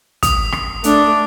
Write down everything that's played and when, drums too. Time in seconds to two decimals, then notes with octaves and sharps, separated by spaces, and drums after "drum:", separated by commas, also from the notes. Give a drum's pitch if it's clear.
0.23 D#6, drum: kick, hi-hat
0.52 drum: rim click
0.84 A3 D4, drum: hi-hat